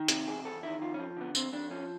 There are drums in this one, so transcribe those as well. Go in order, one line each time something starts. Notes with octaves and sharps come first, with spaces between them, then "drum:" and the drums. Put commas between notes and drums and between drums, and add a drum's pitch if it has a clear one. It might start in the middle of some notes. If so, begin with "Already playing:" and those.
Already playing: D#3
C3, drum: hi-hat
E2 G#4
E2 A4
D#3 E4
F2 F4
C#4
F3
D3 B3
F2 C4, drum: tambourine
F2 D4
F3 C#4